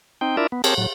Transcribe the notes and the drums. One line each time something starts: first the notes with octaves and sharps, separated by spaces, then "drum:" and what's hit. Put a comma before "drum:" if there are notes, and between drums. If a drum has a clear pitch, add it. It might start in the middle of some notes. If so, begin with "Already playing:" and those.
C4 D#4 G5
D4 E4 F4 A#4 D5 E5
B3
C4 G4 G#4 A#4 C#5 A5, drum: cymbal
A2 F#3